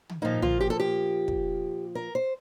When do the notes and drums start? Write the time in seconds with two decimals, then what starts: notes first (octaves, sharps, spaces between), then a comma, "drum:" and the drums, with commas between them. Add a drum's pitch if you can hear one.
0.09 drum: tom
0.22 A#2 F3 A#3 D#4
0.42 F4, drum: tom
0.61 G4
0.70 A4
0.80 G4
1.28 drum: kick
1.95 A#4
2.15 C5